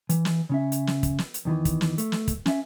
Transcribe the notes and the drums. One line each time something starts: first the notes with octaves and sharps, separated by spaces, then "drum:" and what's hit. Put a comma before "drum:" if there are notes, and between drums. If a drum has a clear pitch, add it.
E3, drum: hi-hat
drum: snare
C#3 C#4 E5
drum: hi-hat
drum: snare
drum: kick, hi-hat
drum: snare
drum: hi-hat
E2 D#3 E3
drum: kick, hi-hat
drum: snare
A3, drum: hi-hat
drum: snare
drum: kick, hi-hat
C#4 E5, drum: snare